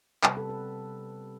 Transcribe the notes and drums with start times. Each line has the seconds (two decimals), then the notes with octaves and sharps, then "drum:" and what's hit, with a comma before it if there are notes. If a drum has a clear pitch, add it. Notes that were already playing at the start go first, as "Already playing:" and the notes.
0.24 C3 G3 B3 B4, drum: clap
0.37 A4
0.50 B4